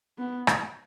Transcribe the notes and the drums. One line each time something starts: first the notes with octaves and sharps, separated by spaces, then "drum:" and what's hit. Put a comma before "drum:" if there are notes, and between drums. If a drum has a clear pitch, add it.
B3
drum: rim click